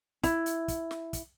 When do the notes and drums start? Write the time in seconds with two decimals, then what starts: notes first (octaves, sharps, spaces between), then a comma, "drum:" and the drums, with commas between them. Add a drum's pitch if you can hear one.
0.23 E4, drum: kick, hi-hat
0.46 drum: hi-hat
0.68 drum: kick, hi-hat
0.91 drum: snare
1.13 drum: kick, hi-hat